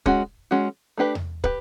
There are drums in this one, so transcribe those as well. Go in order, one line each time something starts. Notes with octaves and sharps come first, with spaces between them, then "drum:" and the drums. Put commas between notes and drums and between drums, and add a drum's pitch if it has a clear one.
G#3 C#4 F#4, drum: kick
G#3 C#4 F#4
A3 D4 G4 B4
drum: tom E2
G4 B4, drum: kick